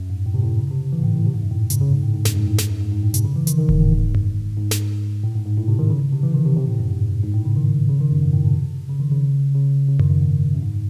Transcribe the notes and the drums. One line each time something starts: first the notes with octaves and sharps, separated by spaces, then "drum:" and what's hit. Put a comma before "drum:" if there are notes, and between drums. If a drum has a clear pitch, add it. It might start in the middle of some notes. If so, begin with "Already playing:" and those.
Already playing: F#2
G#2
A2
C3
A2
C#3
C3
E3
G#2
A2
A2
C3
G#2
F#2
A2
C#3, drum: hi-hat
C#3
G#2
A2
G#2
F#2, drum: snare
G#2
A2
G#2, drum: snare
F#2
G#2
G#2
A2
C3, drum: hi-hat
C#3
E3
D#3, drum: hi-hat
D#3
G#2, drum: kick E1
A2
G#2
drum: tom F#2
G#2
drum: snare
A2
G#2
G#2
A2
C3
D#3
C#3
C3
E3
D#3
C3
C3
A2
F#2
G#2
G#2
A2
C#3
D#3
C#3
D#3
F#2
G#2
A2
C3
C#3
D#3
C#3
C#3
C#3
D#3, drum: tom F#2
F#2
G#2
F#2
G#2